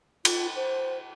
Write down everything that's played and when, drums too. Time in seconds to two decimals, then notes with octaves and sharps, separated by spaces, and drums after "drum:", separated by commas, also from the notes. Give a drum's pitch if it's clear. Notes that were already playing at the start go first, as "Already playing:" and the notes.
0.25 F4, drum: cymbal
0.55 C5